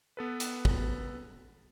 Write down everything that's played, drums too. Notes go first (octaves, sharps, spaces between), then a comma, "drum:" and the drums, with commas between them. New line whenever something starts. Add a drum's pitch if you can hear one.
B3 A4 B4
drum: hi-hat
drum: kick